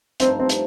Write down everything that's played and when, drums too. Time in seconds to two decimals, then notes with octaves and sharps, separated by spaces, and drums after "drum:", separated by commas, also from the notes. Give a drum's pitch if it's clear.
0.20 G2 F3 A3 C4 D#4, drum: hi-hat
0.40 C4
0.49 drum: hi-hat